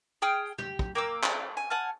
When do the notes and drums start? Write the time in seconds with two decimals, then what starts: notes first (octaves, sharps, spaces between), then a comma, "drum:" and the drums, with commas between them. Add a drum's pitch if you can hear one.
0.22 G#4 G5 D#6 F6
0.58 G4, drum: tom
0.79 drum: kick
0.95 A#3 G5 D6 E6
1.24 D5, drum: clap
1.57 G#5
1.70 F#5 G#5 A5 F6